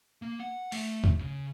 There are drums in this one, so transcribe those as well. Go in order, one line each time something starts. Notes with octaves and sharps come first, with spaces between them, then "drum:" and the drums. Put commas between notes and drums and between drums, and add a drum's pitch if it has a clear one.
A#3
F#5
A3, drum: open hi-hat
drum: kick C#2
C#3